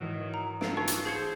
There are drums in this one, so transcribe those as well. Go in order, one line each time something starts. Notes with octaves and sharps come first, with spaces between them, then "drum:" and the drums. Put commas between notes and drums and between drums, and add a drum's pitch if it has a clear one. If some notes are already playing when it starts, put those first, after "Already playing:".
G#2 D#3 E3 F#3
A#5
B3 F4 A4 D7, drum: snare
D#4 C#6
drum: hi-hat
G#4 C5 G#6 C#7